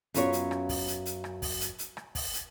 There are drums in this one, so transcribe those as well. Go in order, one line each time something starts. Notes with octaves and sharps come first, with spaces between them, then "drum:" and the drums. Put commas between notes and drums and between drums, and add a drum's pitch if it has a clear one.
F#2 B3 C#4 F4 A#4 C#5, drum: hi-hat
drum: hi-hat
drum: rim click
drum: kick, open hi-hat
drum: hi-hat
drum: hi-hat
drum: rim click
drum: kick, open hi-hat
drum: hi-hat
drum: hi-hat
drum: rim click
drum: kick, open hi-hat
drum: hi-hat